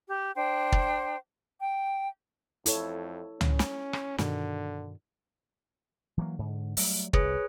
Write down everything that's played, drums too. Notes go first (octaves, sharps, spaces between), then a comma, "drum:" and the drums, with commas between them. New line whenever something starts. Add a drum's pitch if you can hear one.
G4
D4 C5 G5
drum: kick
G5
F2 E4 A4 C#5, drum: hi-hat
C#4, drum: tom
drum: snare
drum: rim click
G2 B2 D3 D#3, drum: snare
E3 F#3 A#3
G#2 D3
F#3 G3 A3, drum: open hi-hat
C2 G#4 B4 C#5, drum: kick